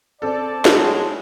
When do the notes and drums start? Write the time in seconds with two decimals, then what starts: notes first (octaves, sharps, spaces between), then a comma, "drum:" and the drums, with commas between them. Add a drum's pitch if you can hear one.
0.22 C4 A4 D5 A5
0.65 A2 F#3 G#3, drum: snare